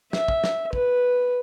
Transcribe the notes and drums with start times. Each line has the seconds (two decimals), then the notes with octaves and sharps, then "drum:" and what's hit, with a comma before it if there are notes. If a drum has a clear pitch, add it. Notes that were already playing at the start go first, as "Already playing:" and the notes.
0.13 E5, drum: snare
0.28 drum: kick
0.44 drum: snare
0.73 B4, drum: kick